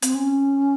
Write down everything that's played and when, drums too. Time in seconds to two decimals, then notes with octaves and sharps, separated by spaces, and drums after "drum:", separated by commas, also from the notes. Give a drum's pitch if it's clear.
0.02 C4, drum: hi-hat
0.15 C#4